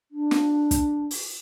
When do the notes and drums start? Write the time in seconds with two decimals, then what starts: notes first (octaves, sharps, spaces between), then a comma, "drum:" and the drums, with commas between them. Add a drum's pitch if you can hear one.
0.11 D4
0.31 drum: snare
0.71 drum: kick, hi-hat
1.11 drum: open hi-hat